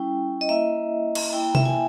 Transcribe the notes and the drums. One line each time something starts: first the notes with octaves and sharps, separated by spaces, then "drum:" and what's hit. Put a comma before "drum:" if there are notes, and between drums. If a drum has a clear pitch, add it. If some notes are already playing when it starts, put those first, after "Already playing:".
Already playing: G3 C#4 E4 G5
D#5
A#3 E4 E5
drum: cymbal
A#3 E4 G5
G5
E5, drum: tom C3
G#5